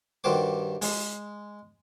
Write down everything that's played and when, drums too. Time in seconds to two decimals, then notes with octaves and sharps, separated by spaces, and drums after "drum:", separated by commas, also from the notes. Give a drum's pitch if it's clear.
0.24 G2 D#3 F#4 G4 C5 D6
0.82 G#3, drum: open hi-hat